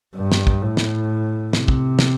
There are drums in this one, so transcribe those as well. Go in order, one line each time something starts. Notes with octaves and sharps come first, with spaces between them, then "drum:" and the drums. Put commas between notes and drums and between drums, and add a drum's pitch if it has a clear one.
G2
drum: snare
drum: kick
A2
drum: snare
C3, drum: snare
drum: kick
drum: snare